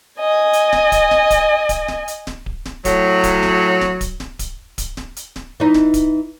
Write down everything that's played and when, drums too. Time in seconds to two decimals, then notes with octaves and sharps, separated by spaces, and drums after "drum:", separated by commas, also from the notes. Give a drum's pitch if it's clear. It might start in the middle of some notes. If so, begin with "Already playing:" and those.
0.19 D#5 G#5
0.53 drum: hi-hat
0.73 drum: snare D1
0.92 drum: kick D1, hi-hat
1.11 drum: snare D1
1.30 drum: kick D1, hi-hat
1.69 drum: kick D1, hi-hat
1.88 drum: snare D1
2.08 drum: hi-hat
2.27 drum: snare D1
2.46 drum: kick D1
2.66 drum: snare D1
2.85 A2 F#3, drum: kick D1, hi-hat
3.23 drum: kick D1, hi-hat
3.43 drum: snare D1
3.81 drum: snare D1
4.01 drum: kick D1, hi-hat
4.20 drum: snare D1
4.39 drum: kick D1, hi-hat
4.78 drum: kick D1, hi-hat
4.97 drum: snare D1
5.16 drum: hi-hat
5.36 drum: snare D1
5.60 E3 D#4
5.74 drum: snare D1
5.94 drum: kick D1, hi-hat